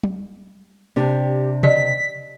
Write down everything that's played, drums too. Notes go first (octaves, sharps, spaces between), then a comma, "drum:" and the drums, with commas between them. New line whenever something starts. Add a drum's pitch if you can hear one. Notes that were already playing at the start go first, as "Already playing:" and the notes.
drum: tom
C3 D4 G4
G4 D5 D#5 B6, drum: tom C3